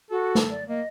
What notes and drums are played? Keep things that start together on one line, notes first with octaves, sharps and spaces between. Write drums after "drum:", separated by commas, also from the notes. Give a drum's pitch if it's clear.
F#4 A4
drum: snare
D5
A#3 D#5